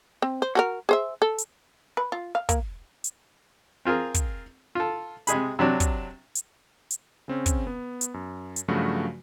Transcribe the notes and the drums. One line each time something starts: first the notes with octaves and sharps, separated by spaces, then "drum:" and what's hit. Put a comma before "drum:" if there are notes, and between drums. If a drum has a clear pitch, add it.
C4
C5
F#4 A4 A#4
G#4 C5 E5
A4
drum: hi-hat
B4
F4
F5
A#3, drum: kick, hi-hat
drum: hi-hat
C4 F4 G#4 A#4
drum: kick, hi-hat
F4 A4
C3 G#3 G#4 B5, drum: hi-hat
C3 F#3 D4
drum: kick, hi-hat
drum: hi-hat
drum: hi-hat
C#3 C4 C#4
drum: kick, hi-hat
B3
drum: hi-hat
F#2
drum: hi-hat
G2 C#3 F3 F#3 A3 F#4